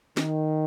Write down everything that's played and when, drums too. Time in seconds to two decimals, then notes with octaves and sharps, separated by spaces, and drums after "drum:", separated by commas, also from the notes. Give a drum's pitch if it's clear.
0.17 D#3, drum: snare